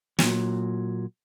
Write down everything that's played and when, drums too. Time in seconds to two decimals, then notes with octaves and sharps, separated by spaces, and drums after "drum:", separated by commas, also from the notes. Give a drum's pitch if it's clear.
0.19 A#2 F#3, drum: snare